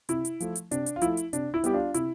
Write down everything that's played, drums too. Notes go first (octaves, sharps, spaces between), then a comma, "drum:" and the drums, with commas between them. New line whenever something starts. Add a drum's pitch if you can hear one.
C3 E4, drum: hi-hat
drum: hi-hat
F3 A3, drum: hi-hat
drum: hi-hat
C3 D4, drum: hi-hat
drum: hi-hat
F4
F3 A3 E4, drum: hi-hat
drum: hi-hat
C3 D4, drum: hi-hat
E4
G3 B3 G4, drum: hi-hat
D4 F4
C3 E4, drum: hi-hat